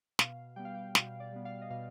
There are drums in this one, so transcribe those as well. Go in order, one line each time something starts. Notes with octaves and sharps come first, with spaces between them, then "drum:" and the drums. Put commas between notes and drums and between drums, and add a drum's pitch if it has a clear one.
B2 F5, drum: snare
G3 B3 G5
F5
G5
B2 F5, drum: snare
D5
G3 B3
F5
D#5
B2 F5